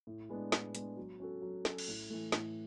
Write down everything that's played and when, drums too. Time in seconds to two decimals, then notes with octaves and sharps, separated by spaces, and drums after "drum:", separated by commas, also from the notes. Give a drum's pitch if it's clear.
0.07 A2
0.30 G#3 B3 D4
0.52 A2, drum: snare
0.75 G#3 B3 D4, drum: hi-hat
0.97 F#3
1.20 C#4 F#4 A4
1.42 F#3
1.65 C#4 F#4 A4, drum: snare
1.78 drum: cymbal
1.88 A2
2.10 E3 A3
2.32 A2, drum: snare